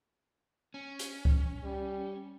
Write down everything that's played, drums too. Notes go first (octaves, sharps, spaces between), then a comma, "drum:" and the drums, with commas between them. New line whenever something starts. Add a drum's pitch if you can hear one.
C#4
drum: hi-hat
drum: kick C#2
G3